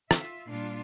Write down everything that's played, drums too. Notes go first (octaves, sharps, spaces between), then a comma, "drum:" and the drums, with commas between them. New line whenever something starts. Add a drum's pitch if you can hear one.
F4 E5, drum: rim click
A#2 G3 D4 F4